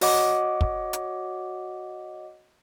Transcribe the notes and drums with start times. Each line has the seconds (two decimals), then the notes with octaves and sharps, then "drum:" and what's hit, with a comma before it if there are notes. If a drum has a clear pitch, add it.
0.01 F#4 C#5 D#5 F#5 D6, drum: open hi-hat
0.61 drum: kick
0.93 drum: hi-hat